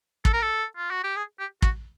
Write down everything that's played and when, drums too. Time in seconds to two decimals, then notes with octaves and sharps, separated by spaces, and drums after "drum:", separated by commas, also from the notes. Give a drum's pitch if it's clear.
0.25 A4, drum: kick
0.33 A#4
0.42 A4
0.77 F4
0.91 F#4
1.04 G4
1.16 G#4
1.39 G4
1.62 F#4, drum: kick